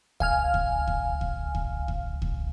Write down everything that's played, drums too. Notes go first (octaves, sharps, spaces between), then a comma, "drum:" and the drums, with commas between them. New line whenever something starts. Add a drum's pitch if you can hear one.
F5 G#5 F6, drum: kick C#2
drum: kick C#2
drum: kick C#2
drum: kick C#2
drum: kick C#2
drum: kick C#2
drum: kick C#2